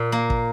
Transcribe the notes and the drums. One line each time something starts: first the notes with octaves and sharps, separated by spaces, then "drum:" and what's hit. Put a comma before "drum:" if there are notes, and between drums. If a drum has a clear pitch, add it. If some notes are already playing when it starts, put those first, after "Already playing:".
Already playing: A#2
A#3
drum: kick